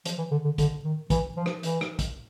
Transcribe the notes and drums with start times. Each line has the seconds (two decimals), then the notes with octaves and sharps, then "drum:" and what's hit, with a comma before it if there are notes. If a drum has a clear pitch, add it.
0.05 F3, drum: hi-hat
0.18 E3
0.31 D3
0.45 D3
0.58 D3, drum: kick, hi-hat
0.85 D#3
1.10 E3, drum: kick, hi-hat
1.37 F3
1.46 drum: rim click
1.63 E3, drum: hi-hat
1.81 drum: rim click
1.99 drum: kick, hi-hat